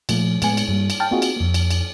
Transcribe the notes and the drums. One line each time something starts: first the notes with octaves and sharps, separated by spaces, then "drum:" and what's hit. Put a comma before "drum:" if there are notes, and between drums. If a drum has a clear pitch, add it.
A#2 F3 A3 A#3, drum: cymbal
A2 G#3 B3 G#5 C#7, drum: cymbal
drum: cymbal
G2 G3 A#3
drum: cymbal
G5 A5 F6 A6
A#3 C4 D#4 F4 F#4 G#4
drum: cymbal
F2 A#3
drum: cymbal
drum: cymbal